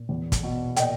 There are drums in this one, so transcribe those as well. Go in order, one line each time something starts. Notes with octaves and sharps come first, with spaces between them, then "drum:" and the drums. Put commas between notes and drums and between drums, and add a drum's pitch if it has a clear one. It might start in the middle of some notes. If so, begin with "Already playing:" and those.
Already playing: A#2
E2
drum: kick, hi-hat
B2
A#2 D#5 G5, drum: hi-hat